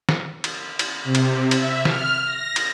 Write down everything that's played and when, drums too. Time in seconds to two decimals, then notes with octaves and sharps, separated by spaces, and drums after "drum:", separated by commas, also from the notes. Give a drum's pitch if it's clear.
0.09 drum: snare
0.44 drum: cymbal
0.79 drum: cymbal
1.04 C3
1.15 drum: cymbal
1.51 E5, drum: cymbal
1.85 F6, drum: snare
2.25 A#6
2.56 drum: cymbal